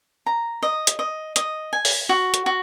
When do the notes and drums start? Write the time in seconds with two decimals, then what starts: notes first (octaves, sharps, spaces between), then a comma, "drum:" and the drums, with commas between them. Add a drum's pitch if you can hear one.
0.26 A#5
0.63 D#5
0.87 drum: hi-hat
0.99 D#5
1.36 D#5, drum: hi-hat
1.73 G#5
1.85 drum: open hi-hat
2.09 F#4
2.34 drum: hi-hat
2.46 F#4